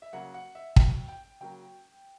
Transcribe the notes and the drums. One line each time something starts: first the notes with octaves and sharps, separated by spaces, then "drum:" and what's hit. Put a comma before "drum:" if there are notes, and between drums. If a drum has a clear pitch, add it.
E5
C#3 F#3 A#3 F#5
F#5
E5
C#3 F#3 A#3 G5, drum: kick
G5
C#3 F#3 A#3 G5